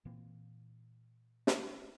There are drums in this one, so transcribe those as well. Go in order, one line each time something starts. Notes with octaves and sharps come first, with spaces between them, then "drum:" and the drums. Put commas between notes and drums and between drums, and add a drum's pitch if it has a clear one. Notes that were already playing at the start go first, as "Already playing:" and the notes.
A#2 E3 A#3 C4
drum: snare